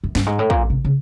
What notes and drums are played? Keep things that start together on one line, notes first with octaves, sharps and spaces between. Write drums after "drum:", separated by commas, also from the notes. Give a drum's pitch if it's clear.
F#2
G2, drum: snare
G#2
A2
A#2, drum: kick
C3
C#3